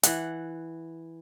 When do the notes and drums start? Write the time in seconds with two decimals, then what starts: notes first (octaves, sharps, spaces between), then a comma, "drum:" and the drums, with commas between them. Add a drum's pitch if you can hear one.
0.03 E3 F#5, drum: hi-hat